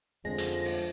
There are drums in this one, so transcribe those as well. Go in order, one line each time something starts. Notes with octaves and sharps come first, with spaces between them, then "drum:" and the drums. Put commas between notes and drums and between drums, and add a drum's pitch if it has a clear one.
F2 D3 F3 G#3 A#6
drum: hi-hat
drum: open hi-hat